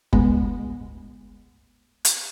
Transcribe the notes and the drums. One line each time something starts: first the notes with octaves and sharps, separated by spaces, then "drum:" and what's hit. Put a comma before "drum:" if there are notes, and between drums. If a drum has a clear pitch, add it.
D2 G#3 B3, drum: kick F#1
drum: hi-hat